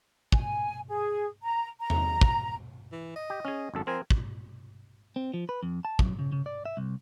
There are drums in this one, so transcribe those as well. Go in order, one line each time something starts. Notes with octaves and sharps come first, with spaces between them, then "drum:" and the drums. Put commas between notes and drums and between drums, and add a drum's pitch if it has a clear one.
G#5, drum: kick
G#4
A#5
A#5
drum: tom E2
drum: kick
E3
D#5
G4
C#4 G#4
G#1 F#2 A4
F3 C4 A#4 G#5
drum: kick
C4
F3
B4
F2
A5
F#2, drum: kick
C#3
C#3
D5
E5
C2